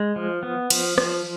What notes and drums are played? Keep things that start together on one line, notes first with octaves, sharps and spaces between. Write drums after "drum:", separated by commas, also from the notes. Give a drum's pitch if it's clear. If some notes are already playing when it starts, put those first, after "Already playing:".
Already playing: G#3
F3
B3
F3, drum: cymbal
F3, drum: rim click